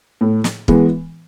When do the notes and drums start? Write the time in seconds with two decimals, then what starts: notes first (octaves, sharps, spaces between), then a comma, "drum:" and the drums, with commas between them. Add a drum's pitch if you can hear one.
0.21 A2
0.44 drum: snare
0.68 E3 G#3 B3, drum: kick